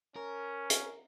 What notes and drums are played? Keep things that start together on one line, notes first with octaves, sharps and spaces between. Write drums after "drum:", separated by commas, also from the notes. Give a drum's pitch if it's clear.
C#4 A#4
drum: hi-hat